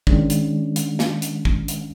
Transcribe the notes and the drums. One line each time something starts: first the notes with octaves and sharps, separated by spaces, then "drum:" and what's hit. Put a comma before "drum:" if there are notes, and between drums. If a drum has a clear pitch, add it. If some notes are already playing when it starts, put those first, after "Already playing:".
D#3 G#3 C#4 D4, drum: kick
drum: hi-hat
drum: hi-hat
drum: snare
drum: hi-hat
drum: kick
drum: hi-hat